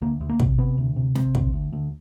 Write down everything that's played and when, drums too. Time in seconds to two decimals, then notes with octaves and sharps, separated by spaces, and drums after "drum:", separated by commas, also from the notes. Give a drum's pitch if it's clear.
0.02 D2 A#3
0.20 D2
0.29 A#3
0.40 C3, drum: kick
0.58 C3 B3
0.78 D2
0.96 C3
1.15 C3 C4, drum: snare
1.35 D2, drum: kick
1.53 D2
1.72 D2